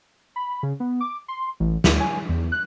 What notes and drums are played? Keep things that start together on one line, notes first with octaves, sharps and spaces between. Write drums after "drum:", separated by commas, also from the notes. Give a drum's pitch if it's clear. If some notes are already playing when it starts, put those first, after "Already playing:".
B5
C#3
B3
D6
C6
A1
D2, drum: snare
G#5
E2
F#6